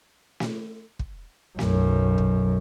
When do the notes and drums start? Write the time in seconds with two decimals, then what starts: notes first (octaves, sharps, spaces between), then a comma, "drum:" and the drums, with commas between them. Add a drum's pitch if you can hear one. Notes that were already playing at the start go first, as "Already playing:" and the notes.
0.40 drum: snare
0.99 drum: kick
1.59 B1 F#2, drum: snare
2.18 drum: kick